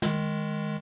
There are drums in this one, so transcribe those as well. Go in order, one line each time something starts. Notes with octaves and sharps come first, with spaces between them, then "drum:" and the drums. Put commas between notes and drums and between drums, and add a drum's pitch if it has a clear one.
D#3 G#3, drum: snare